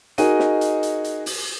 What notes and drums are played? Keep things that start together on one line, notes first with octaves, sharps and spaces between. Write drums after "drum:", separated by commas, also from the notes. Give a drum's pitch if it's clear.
D#4 F#4 G#4 A#4 D#5 D#7, drum: hi-hat
drum: snare
drum: hi-hat
drum: hi-hat
drum: hi-hat
drum: open hi-hat